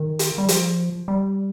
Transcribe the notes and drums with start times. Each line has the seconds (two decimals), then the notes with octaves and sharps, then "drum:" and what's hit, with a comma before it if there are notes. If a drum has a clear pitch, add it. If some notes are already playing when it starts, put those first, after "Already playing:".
Already playing: D#3
0.19 drum: hi-hat
0.38 G3
0.48 F3, drum: hi-hat
1.08 G3